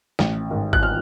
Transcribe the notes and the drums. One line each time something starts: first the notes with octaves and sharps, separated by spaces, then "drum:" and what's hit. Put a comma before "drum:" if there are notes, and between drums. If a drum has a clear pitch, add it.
A1, drum: snare
G#2 D#3
F#6, drum: kick G1
F6